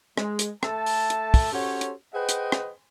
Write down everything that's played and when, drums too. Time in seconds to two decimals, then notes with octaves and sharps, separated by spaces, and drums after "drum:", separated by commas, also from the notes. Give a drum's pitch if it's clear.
0.18 G#3, drum: rim click
0.39 drum: hi-hat
0.63 A3 A4 E5 A5, drum: rim click
0.86 drum: open hi-hat
1.10 drum: hi-hat
1.34 drum: kick, open hi-hat
1.52 C#4 F#4 G4 A4 C5 C#5
1.81 drum: hi-hat
2.14 G#4 B4 C5 D#5 F#5 G5
2.29 drum: hi-hat
2.52 drum: rim click